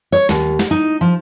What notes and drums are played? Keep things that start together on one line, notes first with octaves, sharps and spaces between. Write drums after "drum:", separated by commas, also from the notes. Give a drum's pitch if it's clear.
C#5
D#2, drum: snare
drum: snare
D#4
F3